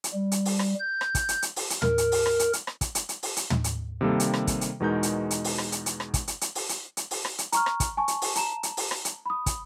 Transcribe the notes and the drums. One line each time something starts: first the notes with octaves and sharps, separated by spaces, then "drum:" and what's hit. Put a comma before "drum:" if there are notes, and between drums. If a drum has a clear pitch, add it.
drum: hi-hat
G3
drum: hi-hat
drum: open hi-hat
drum: rim click
G6
drum: rim click
drum: kick, hi-hat
drum: hi-hat
drum: hi-hat
drum: open hi-hat
drum: hi-hat
A#4, drum: tom
drum: hi-hat
drum: open hi-hat
drum: rim click
drum: hi-hat
drum: hi-hat
drum: rim click
drum: kick, hi-hat
drum: hi-hat
drum: hi-hat
drum: open hi-hat
drum: hi-hat
drum: tom
drum: hi-hat
C3 D#3 G3 A#3 A4
drum: hi-hat
drum: rim click
drum: kick, hi-hat
drum: hi-hat
E2 B2 G#3 D#4 A#4 G6
drum: hi-hat
drum: hi-hat
drum: open hi-hat
drum: rim click
drum: hi-hat
drum: hi-hat
drum: rim click
drum: kick, hi-hat
drum: hi-hat
drum: hi-hat
drum: open hi-hat
drum: hi-hat
drum: hi-hat
drum: open hi-hat
drum: rim click
drum: hi-hat
A#5 C#6 F6, drum: hi-hat
drum: rim click
drum: kick, hi-hat
G#5 A5 C#6
drum: hi-hat
drum: open hi-hat
A5 A#5 E7, drum: hi-hat
drum: hi-hat
drum: open hi-hat
drum: rim click
drum: hi-hat
B5 D#6
drum: kick, hi-hat